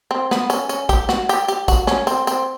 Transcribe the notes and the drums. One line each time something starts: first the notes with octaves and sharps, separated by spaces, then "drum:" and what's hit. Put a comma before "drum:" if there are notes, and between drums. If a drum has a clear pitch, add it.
C4
B3, drum: snare
C#4, drum: tambourine
C#4, drum: tambourine
G4, drum: kick, tambourine
F#4, drum: snare
G4, drum: tambourine
G4, drum: tambourine
F#4, drum: kick, tambourine
C#4, drum: snare
C4, drum: tambourine
C4, drum: tambourine